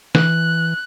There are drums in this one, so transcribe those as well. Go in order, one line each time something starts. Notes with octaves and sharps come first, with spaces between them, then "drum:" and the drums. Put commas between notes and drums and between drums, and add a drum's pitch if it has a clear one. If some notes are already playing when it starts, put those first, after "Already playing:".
E3 F#6, drum: snare